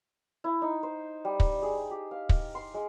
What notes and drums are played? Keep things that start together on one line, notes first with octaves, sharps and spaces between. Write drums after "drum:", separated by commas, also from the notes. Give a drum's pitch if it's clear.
E4
D#4
C5
G3
drum: kick
G#4
G4
F5
drum: kick
C6
G#3